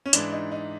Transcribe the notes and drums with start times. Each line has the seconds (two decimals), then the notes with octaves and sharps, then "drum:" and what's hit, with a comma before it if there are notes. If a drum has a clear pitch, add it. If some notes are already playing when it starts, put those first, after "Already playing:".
0.06 C#4
0.13 G#2 E3 D4, drum: hi-hat
0.32 D#4
0.52 D#4